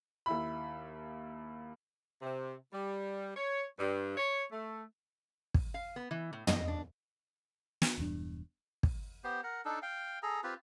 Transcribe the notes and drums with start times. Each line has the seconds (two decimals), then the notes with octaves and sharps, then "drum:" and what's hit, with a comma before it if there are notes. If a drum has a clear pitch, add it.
0.26 D#2 E4 B5
2.22 C3
2.72 G3
3.35 C#5
3.79 G2
4.17 C#5
4.52 A3
5.54 drum: kick
5.74 F5
5.96 B3
6.11 E3
6.33 A2
6.47 D#5, drum: tom
6.68 D4
7.82 drum: snare
7.98 E1 E2 G2 D4
8.83 drum: kick
9.24 B3 G4 C5
9.43 A#4 F#5
9.65 D4 D#4 A4
9.82 F5 G5
10.23 G#4 A4 A#5
10.44 C4 F4 G4 B4